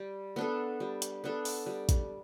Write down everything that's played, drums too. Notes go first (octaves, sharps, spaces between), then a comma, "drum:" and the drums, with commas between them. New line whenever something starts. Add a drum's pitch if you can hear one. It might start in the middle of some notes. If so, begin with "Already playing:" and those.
Already playing: G3
B3 D4 A4
G3
drum: hi-hat
B3 D4 A4
drum: open hi-hat
G3
drum: kick, hi-hat